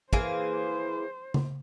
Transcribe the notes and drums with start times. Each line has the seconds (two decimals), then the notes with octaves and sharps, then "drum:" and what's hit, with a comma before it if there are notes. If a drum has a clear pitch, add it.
0.13 E3 A#3 G#4 C5, drum: kick
1.34 drum: tom C#3